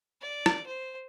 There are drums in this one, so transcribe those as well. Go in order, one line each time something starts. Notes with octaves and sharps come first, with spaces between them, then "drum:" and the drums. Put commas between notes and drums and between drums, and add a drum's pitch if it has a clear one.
D5
drum: rim click
C5